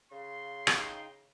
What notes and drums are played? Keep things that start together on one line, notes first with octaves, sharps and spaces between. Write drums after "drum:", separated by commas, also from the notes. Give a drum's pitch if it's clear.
C#3 F5 C6
D#4 G5, drum: rim click